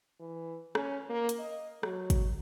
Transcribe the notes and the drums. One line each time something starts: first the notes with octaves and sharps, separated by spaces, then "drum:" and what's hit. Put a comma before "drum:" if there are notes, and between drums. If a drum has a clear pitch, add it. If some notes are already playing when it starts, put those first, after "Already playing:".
E3
C#4, drum: rim click
A#3
drum: hi-hat
D#5
F#3, drum: rim click
drum: kick, hi-hat